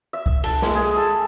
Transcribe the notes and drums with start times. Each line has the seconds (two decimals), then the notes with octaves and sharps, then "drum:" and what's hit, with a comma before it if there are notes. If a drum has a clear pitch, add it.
0.13 E5
0.26 drum: kick C2
0.44 A4, drum: cymbal
0.62 G#3, drum: snare
0.75 G#4
0.96 A4